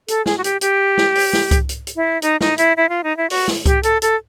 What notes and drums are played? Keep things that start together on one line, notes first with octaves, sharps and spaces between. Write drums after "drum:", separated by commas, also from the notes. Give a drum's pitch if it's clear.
A4, drum: hi-hat
G#4, drum: snare
F#4
G4, drum: hi-hat
G4, drum: hi-hat
drum: snare
drum: open hi-hat
drum: snare
drum: kick C2, hi-hat
drum: hi-hat
drum: hi-hat
E4
D#4, drum: hi-hat
D#4, drum: snare
E4, drum: hi-hat
E4
F4
D#4
E4
F#4, drum: open hi-hat
drum: snare
G4, drum: kick C2, hi-hat
A4, drum: hi-hat
A4, drum: hi-hat